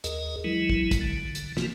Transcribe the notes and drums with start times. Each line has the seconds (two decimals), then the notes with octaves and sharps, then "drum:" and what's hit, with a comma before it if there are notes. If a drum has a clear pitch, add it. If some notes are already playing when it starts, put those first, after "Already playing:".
0.04 D#2 G#4 A#4 D#5, drum: hi-hat
0.44 E3 F#3 G#3 E4
0.69 drum: kick
0.91 drum: kick, hi-hat
1.01 D3
1.35 drum: hi-hat
1.57 C3 E3 A#3 F#4, drum: snare